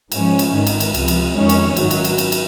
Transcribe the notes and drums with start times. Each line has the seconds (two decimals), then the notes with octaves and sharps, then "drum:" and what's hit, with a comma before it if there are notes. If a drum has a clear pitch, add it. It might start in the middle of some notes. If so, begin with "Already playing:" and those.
0.12 G#2 F3 G#3 C#4, drum: cymbal
0.39 drum: cymbal
0.53 G#1 G#2 D#3
0.67 drum: cymbal
0.80 drum: cymbal
0.94 C#2 C3 F3, drum: cymbal
1.08 drum: cymbal
1.36 F2 D#3 G#3 C#4
1.49 drum: cymbal
1.77 G#1 F#2 D#3 F#3, drum: cymbal
1.91 drum: cymbal
2.04 drum: cymbal
2.18 drum: cymbal
2.32 drum: cymbal